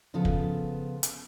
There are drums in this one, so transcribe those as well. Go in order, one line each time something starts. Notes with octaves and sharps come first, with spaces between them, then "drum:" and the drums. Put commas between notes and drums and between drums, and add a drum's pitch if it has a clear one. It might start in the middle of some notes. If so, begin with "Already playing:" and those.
C#3 F3 B3 F4 A4
drum: kick
drum: hi-hat